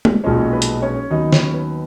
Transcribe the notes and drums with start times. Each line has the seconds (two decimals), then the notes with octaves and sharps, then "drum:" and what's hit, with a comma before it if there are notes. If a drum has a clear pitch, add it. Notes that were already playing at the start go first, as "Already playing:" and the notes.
0.05 drum: tom G#3
0.24 B1 A#2 F3 G#3 C#4 C#5
0.52 B4
0.62 drum: hi-hat
0.82 C#4 C#5
1.11 D#2 D#3 F#3 B3 D#4 D#5
1.32 C#4 C#5, drum: snare
1.54 B4